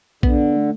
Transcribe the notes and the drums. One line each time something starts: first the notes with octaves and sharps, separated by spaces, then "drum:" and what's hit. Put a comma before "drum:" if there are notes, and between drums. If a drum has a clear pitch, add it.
D3 B3, drum: kick A#1
A3